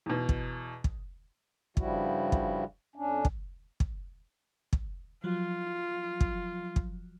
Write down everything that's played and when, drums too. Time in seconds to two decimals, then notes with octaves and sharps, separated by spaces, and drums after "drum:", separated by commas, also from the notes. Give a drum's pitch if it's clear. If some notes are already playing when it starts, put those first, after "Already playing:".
0.06 E2 B2
0.29 drum: kick
0.84 drum: kick
1.77 G2 C#3 F3 G3 E4 F#4, drum: kick
2.32 drum: kick
2.96 F2 C#4 D4
3.25 drum: kick
3.80 drum: kick
4.73 drum: kick
5.24 F3 F#3 F4
6.21 drum: kick
6.76 drum: kick